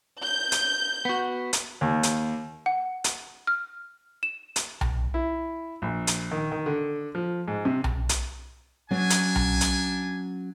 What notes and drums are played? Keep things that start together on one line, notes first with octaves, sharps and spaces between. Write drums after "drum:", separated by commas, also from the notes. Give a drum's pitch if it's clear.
G6
drum: hi-hat
B3 F#4
drum: hi-hat
D#2
drum: hi-hat
F#5
drum: hi-hat
F6
E7
drum: hi-hat
drum: tom B1
E4
A#1
drum: hi-hat
D#3
D#3
D3
F3
G#2
C3
drum: tom B1
drum: hi-hat
F#3 C#4 D4 G#5
drum: hi-hat
drum: tom B1
drum: hi-hat